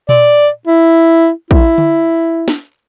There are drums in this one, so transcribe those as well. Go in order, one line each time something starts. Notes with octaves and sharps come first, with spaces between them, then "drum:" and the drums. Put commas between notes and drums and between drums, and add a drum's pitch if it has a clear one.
D5, drum: tom A#2
E4
E4, drum: kick
drum: tom D3
drum: snare